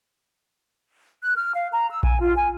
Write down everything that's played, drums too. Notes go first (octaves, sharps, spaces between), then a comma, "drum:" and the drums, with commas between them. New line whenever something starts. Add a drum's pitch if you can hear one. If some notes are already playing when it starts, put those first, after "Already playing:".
F#6
F6
F5
A#5
E6
G#5, drum: kick A#1
F4
G#5